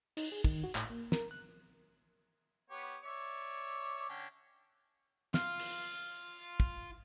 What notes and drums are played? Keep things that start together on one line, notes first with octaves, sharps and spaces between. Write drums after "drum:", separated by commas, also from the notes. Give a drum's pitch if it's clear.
D#4, drum: cymbal
G#4
D#3, drum: kick
F#4
A2, drum: clap
A#3
A#4, drum: snare
F#6
B3 G4 C#5
C#5 D5 E5
D3 C#4 G5
F4 F5, drum: snare
drum: cymbal
drum: kick